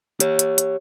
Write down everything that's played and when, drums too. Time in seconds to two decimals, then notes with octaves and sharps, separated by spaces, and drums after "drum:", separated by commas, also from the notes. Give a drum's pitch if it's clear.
0.20 G4 C#5, drum: hi-hat
0.39 drum: hi-hat
0.58 drum: hi-hat